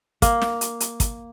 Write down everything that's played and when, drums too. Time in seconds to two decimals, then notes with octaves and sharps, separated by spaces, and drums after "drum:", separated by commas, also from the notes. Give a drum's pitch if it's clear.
0.22 A#3, drum: kick, hi-hat
0.42 drum: snare
0.61 drum: hi-hat
0.80 drum: hi-hat
1.00 drum: kick, hi-hat